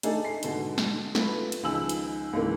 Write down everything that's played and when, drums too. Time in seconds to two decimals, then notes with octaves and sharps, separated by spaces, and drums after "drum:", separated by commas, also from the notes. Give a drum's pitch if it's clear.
0.03 A3 D4 D#4 G#4 A4, drum: hi-hat
0.25 C7
0.43 G#2 B2 D3, drum: hi-hat
0.78 drum: snare
1.15 A3 B3 F4 B4, drum: snare
1.52 drum: hi-hat
1.63 C#2 D#3 F3 G#5 E6 F#7
1.89 drum: hi-hat
2.33 C#2 G#2 E3 A#3